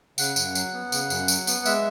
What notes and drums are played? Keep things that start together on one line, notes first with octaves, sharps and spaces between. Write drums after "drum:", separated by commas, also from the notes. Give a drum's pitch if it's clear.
C#3 F#5, drum: tambourine
F#2, drum: tambourine
F#3, drum: tambourine
B3
C#3, drum: tambourine
F#2, drum: tambourine
F#3, drum: tambourine
B3, drum: tambourine
G#3 E5, drum: tambourine